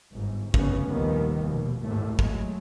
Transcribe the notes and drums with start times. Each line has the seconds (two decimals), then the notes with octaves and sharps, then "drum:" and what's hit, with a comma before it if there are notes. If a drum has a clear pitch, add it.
0.13 G1 G#2
0.54 F1 D2 G2 C#3 B3 C#4, drum: kick
0.89 A#1 D#2 C3 D#3 G3 B3
1.39 F1 D#2 B2
1.82 G#1 D#2 A2 A3
2.19 F#3 G#3 A3, drum: kick